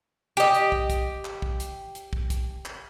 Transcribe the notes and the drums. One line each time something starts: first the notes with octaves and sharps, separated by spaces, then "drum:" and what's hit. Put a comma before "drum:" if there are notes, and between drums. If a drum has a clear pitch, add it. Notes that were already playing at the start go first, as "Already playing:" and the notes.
G4 D#5
drum: hi-hat
drum: kick
drum: kick, hi-hat
drum: clap
drum: kick
drum: hi-hat
drum: hi-hat
drum: kick
drum: kick, hi-hat
drum: clap